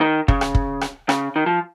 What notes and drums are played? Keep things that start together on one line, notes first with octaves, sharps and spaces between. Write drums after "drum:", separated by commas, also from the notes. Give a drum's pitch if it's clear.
D#3
C#3, drum: kick
drum: rim click
drum: kick
drum: rim click
C#3, drum: rim click
D#3
F3